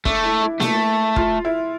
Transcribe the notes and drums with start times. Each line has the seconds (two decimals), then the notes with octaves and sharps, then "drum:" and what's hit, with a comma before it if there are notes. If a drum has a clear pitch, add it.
0.05 A3 D4, drum: kick
0.24 E4
0.41 E4
0.60 A3, drum: snare A#3
1.16 F4, drum: kick
1.45 E4